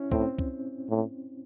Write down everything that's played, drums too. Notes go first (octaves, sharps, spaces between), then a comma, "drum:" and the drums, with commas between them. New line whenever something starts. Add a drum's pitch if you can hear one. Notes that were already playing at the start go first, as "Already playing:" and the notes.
Already playing: C#4 E4
A2 C4, drum: kick
drum: kick
A2